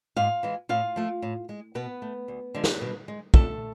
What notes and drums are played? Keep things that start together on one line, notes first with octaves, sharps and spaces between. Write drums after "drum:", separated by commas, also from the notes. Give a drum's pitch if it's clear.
G#2 F4 F5
E3 G#3
A2 F4 F5
F3 A3
A2
G#3
B2 B3 B4
A3
D2
D3 F3 G#3
drum: snare
B2
G#3
F2 A3 A4, drum: kick